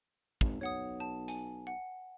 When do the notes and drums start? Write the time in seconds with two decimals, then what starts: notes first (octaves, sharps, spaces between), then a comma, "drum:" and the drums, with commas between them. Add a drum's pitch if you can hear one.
0.41 G#1, drum: kick
0.61 B1 C#5 F#5 D#6
1.00 A5
1.28 G#5, drum: hi-hat
1.67 F#5